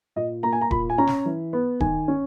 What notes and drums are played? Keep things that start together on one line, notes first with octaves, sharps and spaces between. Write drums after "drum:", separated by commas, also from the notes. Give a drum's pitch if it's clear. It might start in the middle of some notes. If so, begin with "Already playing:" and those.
A#2 D#5
A#3 A#5
G#5
A#5
A#2 B5, drum: kick D#1
G#5
C#4 A#5
drum: snare
E3
B3
D#3 G#5, drum: kick D#1
C#4